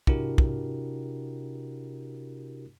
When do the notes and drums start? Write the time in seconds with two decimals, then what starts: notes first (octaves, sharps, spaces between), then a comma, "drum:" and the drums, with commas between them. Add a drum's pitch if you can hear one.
0.07 C3 D4 E4 F#4 G4 A#4, drum: kick
0.38 drum: kick